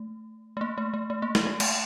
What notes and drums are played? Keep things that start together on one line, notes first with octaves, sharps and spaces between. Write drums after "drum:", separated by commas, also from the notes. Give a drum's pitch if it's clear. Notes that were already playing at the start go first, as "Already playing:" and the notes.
Already playing: A3
A3
A#3
A3
A3
A3
A#3
A3, drum: snare
A3
A3, drum: cymbal